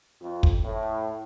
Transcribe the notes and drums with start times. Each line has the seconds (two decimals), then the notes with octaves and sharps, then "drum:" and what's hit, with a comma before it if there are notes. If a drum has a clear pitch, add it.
0.21 F2
0.43 drum: kick
0.63 A2